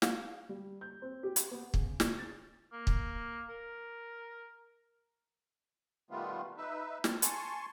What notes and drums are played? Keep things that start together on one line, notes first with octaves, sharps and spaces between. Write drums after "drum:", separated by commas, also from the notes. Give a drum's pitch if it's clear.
F5, drum: snare
G3
G6
C4
G4
drum: hi-hat
B3
C#3, drum: kick
drum: snare
A6
A#3
drum: kick
A#4
B2 D#3 G3 A3 B3 F4
D#4 B4 E5
C4 A5 F6, drum: snare
G#5 A5 C6 C#6, drum: hi-hat